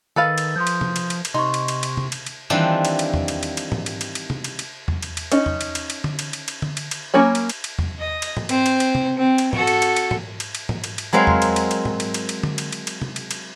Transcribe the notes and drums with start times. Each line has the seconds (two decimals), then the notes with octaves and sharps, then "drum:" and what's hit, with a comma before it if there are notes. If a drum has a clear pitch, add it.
0.16 D#3 A4 B4 F5 E6 A6
0.38 drum: cymbal
0.56 F3 C6 D#6 G6
0.67 drum: cymbal
0.81 drum: tom C3
0.96 drum: cymbal
1.10 drum: cymbal
1.25 drum: cymbal
1.34 C3 D#4 C6 C#6
1.54 drum: cymbal
1.68 drum: cymbal
1.83 drum: cymbal
1.97 drum: tom C3
2.12 drum: cymbal
2.26 drum: cymbal
2.50 D#3 E3 G3 C4 D4 F4
2.85 drum: cymbal
2.99 drum: cymbal
3.14 drum: tom E2
3.28 drum: cymbal
3.43 drum: cymbal
3.57 drum: cymbal
3.72 drum: tom
3.86 drum: cymbal
4.01 drum: cymbal
4.15 drum: cymbal
4.30 drum: tom C3
4.44 drum: cymbal
4.59 drum: cymbal
4.88 drum: tom E2
5.03 drum: cymbal
5.17 drum: cymbal
5.32 C#4 D#4, drum: cymbal
5.46 drum: tom E2
5.61 drum: cymbal
5.75 drum: cymbal
5.90 drum: cymbal
6.04 drum: tom D3
6.19 drum: cymbal
6.33 drum: cymbal
6.48 drum: cymbal
6.62 drum: tom D3
6.77 drum: cymbal
6.91 drum: cymbal
7.14 F#3 A#3 C#4 C#5 B5
7.35 drum: cymbal
7.49 drum: cymbal
7.64 drum: cymbal
7.79 drum: tom E2
7.99 D#5
8.22 drum: cymbal
8.37 drum: tom
8.49 C4 C5, drum: cymbal
8.66 drum: cymbal
8.80 drum: cymbal
8.95 drum: tom C3
9.17 C4
9.38 drum: cymbal
9.53 F#4 A4, drum: tom
9.67 drum: cymbal
9.82 drum: cymbal
9.96 drum: cymbal
10.11 drum: tom
10.40 drum: cymbal
10.55 drum: cymbal
10.69 drum: tom
10.84 drum: cymbal
10.98 drum: cymbal
11.13 F#3 G#3 C4 A#4 F5 B5
11.27 drum: tom E2
11.42 drum: cymbal
11.56 drum: cymbal
11.71 drum: cymbal
11.85 drum: tom
12.00 drum: cymbal
12.14 drum: cymbal
12.29 drum: cymbal
12.43 drum: tom D3
12.58 drum: cymbal
12.72 drum: cymbal
12.87 drum: cymbal
13.02 drum: tom C3
13.16 drum: cymbal
13.31 drum: cymbal